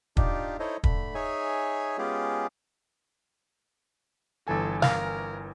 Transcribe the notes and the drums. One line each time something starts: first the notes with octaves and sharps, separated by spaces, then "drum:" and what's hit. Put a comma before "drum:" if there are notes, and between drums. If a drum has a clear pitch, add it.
D4 D#4 F4 G4, drum: kick
D#4 E4 A4 C5 C#5 D#5
D3 A3 B5, drum: kick
D#4 G#4 C#5 E5 G#5
G#3 B3 C#4 F4 G4 G#4
G1 E3 A4 G#5
A#4 F5, drum: snare